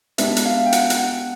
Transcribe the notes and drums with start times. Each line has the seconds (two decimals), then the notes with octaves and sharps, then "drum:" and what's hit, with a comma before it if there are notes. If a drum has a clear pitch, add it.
0.18 G#3 B3 D4 G4 E5, drum: hi-hat
0.36 drum: hi-hat
0.46 F5
0.66 G5
0.72 F#5, drum: hi-hat
0.90 drum: hi-hat
0.99 F#5